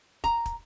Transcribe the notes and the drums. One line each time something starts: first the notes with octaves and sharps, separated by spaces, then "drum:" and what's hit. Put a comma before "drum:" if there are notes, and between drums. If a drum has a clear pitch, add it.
A#5, drum: kick, hi-hat
drum: kick, hi-hat